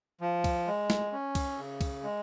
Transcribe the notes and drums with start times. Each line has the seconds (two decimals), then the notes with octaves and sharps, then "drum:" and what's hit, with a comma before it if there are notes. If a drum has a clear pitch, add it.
0.21 F3
0.44 drum: kick C2, cymbal
0.67 G#3
0.90 drum: snare
1.12 C#4
1.35 drum: kick C2, cymbal
1.58 C#3
1.81 drum: kick C2, cymbal
2.03 G#3